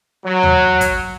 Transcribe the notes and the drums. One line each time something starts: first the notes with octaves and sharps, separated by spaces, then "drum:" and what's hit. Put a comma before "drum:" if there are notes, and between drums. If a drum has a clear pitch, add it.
F#3
drum: tom D#2
drum: kick, hi-hat